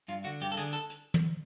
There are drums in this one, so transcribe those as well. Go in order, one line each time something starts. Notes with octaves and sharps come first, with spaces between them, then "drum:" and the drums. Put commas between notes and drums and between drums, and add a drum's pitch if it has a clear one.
G2 F4
D3 F#4
G2 G4, drum: hi-hat
A4
D3 G#4
A4
drum: hi-hat
drum: tom